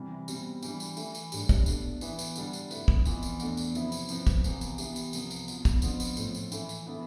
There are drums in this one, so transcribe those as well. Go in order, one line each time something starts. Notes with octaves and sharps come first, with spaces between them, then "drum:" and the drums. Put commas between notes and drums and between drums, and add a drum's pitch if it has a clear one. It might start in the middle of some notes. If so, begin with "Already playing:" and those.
Already playing: C3 E3 G3
B2 G3 C4, drum: tambourine
E3 G3 D4, drum: tambourine
drum: tambourine
E3 A3 E4, drum: tambourine
drum: tambourine
A2 G3 D4 G4 B4, drum: tambourine
drum: kick, tambourine
B2 A3 D4, drum: tambourine
E3 B3 E4 B4, drum: tambourine
drum: tambourine
D3 G3 D4, drum: tambourine
drum: tambourine
F2 D3 A3 E4 B4, drum: tambourine
drum: kick
F2 E3 B3 F4, drum: tambourine
drum: tambourine
E2 B2 A3 D4, drum: tambourine
drum: tambourine
C3 F3 B3 E4, drum: tambourine
drum: tambourine
C3 F3 C4 E4 B4, drum: tambourine
drum: kick, tambourine
C2 C3 E3 B3, drum: tambourine
drum: tambourine
E3 B3 E4 G4, drum: tambourine
drum: tambourine
C2 C3 F3 B3, drum: tambourine
drum: tambourine
B2 B3 F4, drum: tambourine
drum: kick, tambourine
F2 D3 F3 B3 F4, drum: tambourine
drum: tambourine
A2 F3 A3 C4 F4, drum: tambourine
drum: tambourine
E3 A3 E4 A4, drum: tambourine
drum: tambourine
E3 B3 E4 A4